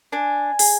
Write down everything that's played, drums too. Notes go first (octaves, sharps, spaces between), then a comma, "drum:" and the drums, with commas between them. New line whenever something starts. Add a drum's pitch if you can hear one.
D4 G#5
G#4, drum: open hi-hat